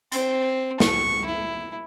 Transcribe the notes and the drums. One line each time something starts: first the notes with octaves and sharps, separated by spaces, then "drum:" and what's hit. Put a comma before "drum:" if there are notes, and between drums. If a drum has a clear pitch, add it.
C4, drum: hi-hat
C#6, drum: snare
E4